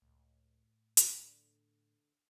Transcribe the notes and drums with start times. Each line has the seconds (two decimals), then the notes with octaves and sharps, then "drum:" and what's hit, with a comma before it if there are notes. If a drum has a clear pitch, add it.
0.02 C#2 A2
0.97 D3, drum: hi-hat